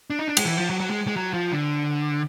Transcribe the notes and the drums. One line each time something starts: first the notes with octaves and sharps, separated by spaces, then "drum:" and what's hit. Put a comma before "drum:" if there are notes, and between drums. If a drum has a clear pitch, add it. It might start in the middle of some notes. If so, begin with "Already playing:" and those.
D4
D#4
D4
G#3, drum: cymbal
E3
F3
F#3
F#3
G#3
G#3
F#3
F3
D3